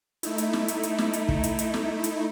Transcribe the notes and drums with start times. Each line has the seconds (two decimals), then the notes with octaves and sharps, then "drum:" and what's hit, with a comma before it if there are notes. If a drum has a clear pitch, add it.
0.23 A3 D#4 E4, drum: hi-hat
0.38 drum: hi-hat
0.53 drum: snare
0.68 drum: hi-hat
0.83 drum: hi-hat
0.98 drum: snare
1.13 drum: hi-hat
1.29 drum: kick
1.44 drum: hi-hat
1.59 drum: hi-hat
1.74 drum: snare
2.04 drum: hi-hat